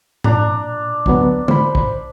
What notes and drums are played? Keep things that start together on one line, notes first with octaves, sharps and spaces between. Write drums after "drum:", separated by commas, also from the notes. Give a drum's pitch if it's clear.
A#2 D4 A#5, drum: tom G#2
D2 F#3 B3, drum: kick A#1
C5 B5, drum: tom D3
drum: kick A#1